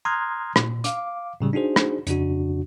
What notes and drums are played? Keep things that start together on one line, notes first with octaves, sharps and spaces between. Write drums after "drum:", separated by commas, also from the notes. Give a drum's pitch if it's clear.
A#5 C6 D#6 F6 F#6 G#6
A#2, drum: rim click
F5 D6, drum: hi-hat
A2 C#3 G3
D4 D#4 F#4 G#4 C5
drum: rim click
F2 C#3 D4 F#4, drum: hi-hat